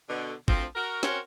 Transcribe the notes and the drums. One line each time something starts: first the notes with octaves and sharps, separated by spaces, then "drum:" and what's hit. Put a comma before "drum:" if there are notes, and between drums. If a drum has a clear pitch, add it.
B2 D3
D2 F3 C4, drum: kick
F#4 A#4
C4 C#4 F#4 A#4 C5 C#5, drum: snare